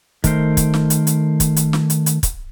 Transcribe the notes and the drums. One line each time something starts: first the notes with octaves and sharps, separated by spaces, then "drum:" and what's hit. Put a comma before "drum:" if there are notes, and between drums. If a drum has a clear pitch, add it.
D#3 A3 A#4 C5, drum: kick, hi-hat
drum: kick, hi-hat
drum: snare
drum: hi-hat
drum: hi-hat
drum: kick, hi-hat
drum: hi-hat
drum: snare
drum: hi-hat
drum: hi-hat
drum: kick, hi-hat